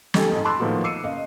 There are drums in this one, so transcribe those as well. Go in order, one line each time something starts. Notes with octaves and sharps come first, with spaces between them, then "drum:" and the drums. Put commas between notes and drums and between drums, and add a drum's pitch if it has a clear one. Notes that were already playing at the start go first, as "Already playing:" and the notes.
A3 D#4 G4 A4 G#5, drum: snare
F2 G#2
A5 B5 C6 D6 E6 F#6
A2 D#3 F3 A#3 B3 F#4
D6 E6 C7 C#7 D#7
F#1 D#5 F5